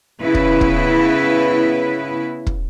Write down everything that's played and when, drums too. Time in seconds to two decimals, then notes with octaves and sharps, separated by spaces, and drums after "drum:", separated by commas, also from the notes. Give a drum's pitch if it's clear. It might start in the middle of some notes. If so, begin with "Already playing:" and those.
0.21 C#3 B3 E4 B4
0.34 drum: kick
0.61 drum: kick
2.47 drum: kick